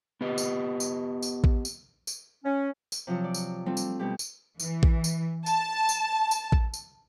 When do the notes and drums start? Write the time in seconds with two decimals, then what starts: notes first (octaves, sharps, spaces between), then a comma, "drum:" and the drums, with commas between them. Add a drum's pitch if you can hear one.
0.21 B3 G4 B4 D#5
0.38 drum: tambourine
0.80 drum: tambourine
1.23 drum: tambourine
1.44 drum: kick A1
1.65 drum: tambourine
2.07 drum: tambourine
2.45 C#4
2.92 drum: tambourine
3.07 C3 F3 F#3
3.24 D5
3.34 drum: tambourine
3.66 G3 A3 C4 D4 F4
3.77 drum: tambourine
3.99 B2 G3 G4
4.19 drum: tambourine
4.60 E3, drum: tambourine
4.83 drum: kick A1
5.04 drum: tambourine
5.46 A5, drum: tambourine
5.89 drum: tambourine
6.31 drum: tambourine
6.52 drum: kick A1
6.74 drum: tambourine